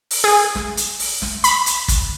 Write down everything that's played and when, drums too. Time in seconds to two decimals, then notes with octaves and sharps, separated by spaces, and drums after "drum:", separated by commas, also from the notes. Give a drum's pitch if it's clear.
0.11 drum: open hi-hat
0.24 G#4
0.55 drum: snare
0.77 drum: hi-hat
0.99 drum: open hi-hat
1.22 drum: snare
1.44 B5, drum: hi-hat
1.66 drum: hi-hat
1.88 drum: kick, hi-hat